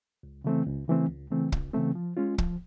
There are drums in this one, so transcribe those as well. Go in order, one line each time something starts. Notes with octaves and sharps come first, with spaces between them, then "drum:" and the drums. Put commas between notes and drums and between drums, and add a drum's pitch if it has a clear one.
C#2
C#3 E3 A3 C4
C#2
C#3 E3 A3 C4
C#2
C#3 E3 A3 C4
C#2, drum: kick
C#3 E3 A3 C4
F3
G#3 C#4 F4
F3, drum: kick